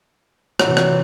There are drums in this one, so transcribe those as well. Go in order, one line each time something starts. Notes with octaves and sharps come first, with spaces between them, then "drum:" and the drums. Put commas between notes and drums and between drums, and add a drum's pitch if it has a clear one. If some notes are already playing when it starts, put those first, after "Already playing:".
C3 E3 F#3, drum: rim click
drum: rim click